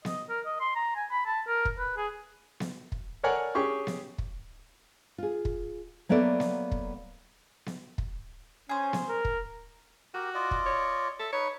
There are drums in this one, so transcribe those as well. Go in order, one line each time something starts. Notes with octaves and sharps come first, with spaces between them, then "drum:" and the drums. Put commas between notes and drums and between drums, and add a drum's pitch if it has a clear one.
D#5, drum: snare B3
A#4
D#5
C6
A#5
G#5
B5
A5
A#4
drum: kick
B4
G#4
drum: snare B3
drum: kick
A4 A#4 C#5 D5 F#5 G#5
C#4 G4 G#4 C#6
drum: snare B3
drum: kick
F4 G#4
drum: kick
F#3 A#3 B3 A4 D5 E5
drum: snare B3
drum: kick
drum: snare B3
drum: kick
C#4 G#4 C5
drum: snare B3
A#4
drum: kick
F#4 G4 A#4
F4 D5 D#5
drum: kick
C#5
A4 E5
D#4 B4 C#5